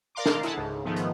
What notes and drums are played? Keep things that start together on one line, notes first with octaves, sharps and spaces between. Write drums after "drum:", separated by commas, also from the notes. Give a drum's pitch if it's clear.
A#4 D5 F5 A#5 C6 D6
drum: snare
E4 G#4 A4 F#5 A5, drum: hi-hat
C#2 G#2
G#2 D#3 F3 A3 B3
drum: hi-hat